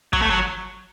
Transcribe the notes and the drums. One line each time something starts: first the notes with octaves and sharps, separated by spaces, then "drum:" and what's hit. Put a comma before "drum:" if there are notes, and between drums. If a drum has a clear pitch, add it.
F#3, drum: kick
A3
F#3